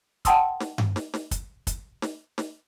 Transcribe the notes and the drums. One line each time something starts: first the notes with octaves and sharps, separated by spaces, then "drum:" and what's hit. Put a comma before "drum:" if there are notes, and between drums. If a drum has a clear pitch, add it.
F#5 G5 A5 C6 D#6 E6, drum: kick, hi-hat
drum: snare
drum: tom G2
drum: snare
drum: snare
drum: kick, hi-hat
drum: kick, hi-hat
drum: snare
drum: snare